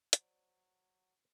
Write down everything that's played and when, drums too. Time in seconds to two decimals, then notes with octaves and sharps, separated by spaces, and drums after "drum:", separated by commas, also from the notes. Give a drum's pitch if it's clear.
0.13 F#3 C5 D5, drum: hi-hat